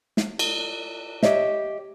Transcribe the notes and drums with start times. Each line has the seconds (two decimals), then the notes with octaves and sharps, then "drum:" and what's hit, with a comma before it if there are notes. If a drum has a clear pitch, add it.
0.17 drum: snare
0.39 drum: cymbal
1.23 G4 C#5 D#5 E5, drum: snare